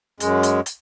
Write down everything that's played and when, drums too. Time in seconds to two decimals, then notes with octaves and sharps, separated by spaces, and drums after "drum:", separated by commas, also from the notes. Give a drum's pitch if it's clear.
0.20 F#2 G#3, drum: hi-hat
0.43 drum: hi-hat
0.66 drum: hi-hat